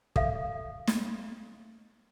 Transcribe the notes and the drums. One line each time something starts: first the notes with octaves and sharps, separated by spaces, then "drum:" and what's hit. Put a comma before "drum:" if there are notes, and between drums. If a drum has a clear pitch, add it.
A4 E5 F5, drum: kick
drum: snare